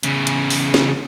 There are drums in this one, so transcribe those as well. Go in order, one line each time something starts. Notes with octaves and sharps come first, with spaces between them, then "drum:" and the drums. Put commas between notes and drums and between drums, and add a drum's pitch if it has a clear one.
E2 C#3, drum: hi-hat
drum: hi-hat
drum: open hi-hat
drum: snare